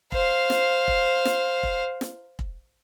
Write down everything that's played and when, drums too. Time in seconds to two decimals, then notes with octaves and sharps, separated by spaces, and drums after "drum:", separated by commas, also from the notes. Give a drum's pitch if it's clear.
0.12 C5 F5, drum: kick
0.50 drum: snare
0.88 drum: kick
1.25 drum: snare
1.63 drum: kick
2.01 drum: snare
2.39 drum: kick